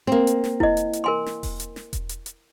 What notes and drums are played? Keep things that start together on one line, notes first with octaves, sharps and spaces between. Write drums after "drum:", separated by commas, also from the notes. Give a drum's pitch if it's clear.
A#3 C4
drum: hi-hat
drum: snare
E4 D#5, drum: kick E1
drum: hi-hat
drum: hi-hat
A#4 G#5 C6
drum: snare
drum: kick E1, open hi-hat
drum: hi-hat
drum: snare
drum: kick E1, hi-hat
drum: hi-hat
drum: hi-hat